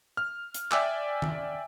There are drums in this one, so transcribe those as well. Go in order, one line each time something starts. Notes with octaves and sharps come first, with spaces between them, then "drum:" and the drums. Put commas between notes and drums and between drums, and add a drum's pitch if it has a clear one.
F6
drum: hi-hat
D5 E5 G5 G#5 D6 E6, drum: clap
drum: tom D#3